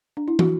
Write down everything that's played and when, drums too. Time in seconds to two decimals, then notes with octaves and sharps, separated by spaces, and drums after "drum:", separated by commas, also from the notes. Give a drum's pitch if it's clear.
0.17 D4
0.28 E4
0.39 F#4, drum: tom